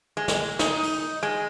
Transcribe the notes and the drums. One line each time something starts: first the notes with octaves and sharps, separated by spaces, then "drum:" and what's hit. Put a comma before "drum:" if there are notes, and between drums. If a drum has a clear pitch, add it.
G#3
drum: snare
D#4, drum: snare
drum: open hi-hat
G#3